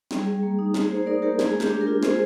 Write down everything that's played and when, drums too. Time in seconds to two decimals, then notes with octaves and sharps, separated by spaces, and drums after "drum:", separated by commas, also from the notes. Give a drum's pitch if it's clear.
0.11 G3 G#4, drum: snare
0.27 G3
0.43 A#3
0.59 D#4
0.74 D#4 G#4, drum: snare
0.91 A#3 G#4 C5
1.06 D#4 A#4 D5
1.22 A#3 G4 A#4
1.39 G#3 G#4, drum: snare
1.55 G#3
1.60 G4, drum: snare
1.70 D4
1.81 G4 A#4
1.87 F4
2.03 G#3 G#4 C5, drum: snare